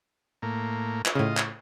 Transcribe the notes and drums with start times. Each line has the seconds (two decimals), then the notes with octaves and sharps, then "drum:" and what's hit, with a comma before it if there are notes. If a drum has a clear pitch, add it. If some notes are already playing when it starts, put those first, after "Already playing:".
0.42 A2 A#3
1.06 drum: clap
1.15 A2 C#3 F4 D#5
1.37 drum: clap